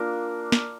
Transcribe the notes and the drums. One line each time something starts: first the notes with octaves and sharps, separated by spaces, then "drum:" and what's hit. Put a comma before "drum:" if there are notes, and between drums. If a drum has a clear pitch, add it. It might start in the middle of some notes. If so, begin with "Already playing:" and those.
Already playing: A#3 D4 F4 A#4
drum: snare